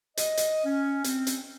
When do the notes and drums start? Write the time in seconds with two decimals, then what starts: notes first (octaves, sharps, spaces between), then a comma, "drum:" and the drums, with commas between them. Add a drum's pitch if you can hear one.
0.17 D#5, drum: hi-hat
0.37 drum: hi-hat
0.65 C#4
1.04 C4, drum: hi-hat
1.27 drum: hi-hat